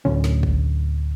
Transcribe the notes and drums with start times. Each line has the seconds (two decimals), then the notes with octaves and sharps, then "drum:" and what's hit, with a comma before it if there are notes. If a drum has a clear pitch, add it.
0.05 D1 D2 C#4
0.24 drum: snare
0.43 drum: kick